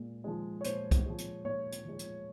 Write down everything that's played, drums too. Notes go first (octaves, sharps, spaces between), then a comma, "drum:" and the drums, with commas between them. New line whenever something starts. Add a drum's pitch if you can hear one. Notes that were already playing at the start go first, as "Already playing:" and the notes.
Already playing: A#2 G#3
F3 G#3
C#5
A#2 C5, drum: hi-hat
drum: kick, hi-hat
F3 G#3
drum: hi-hat
A#2 C#5
drum: hi-hat
F3 G#3
drum: hi-hat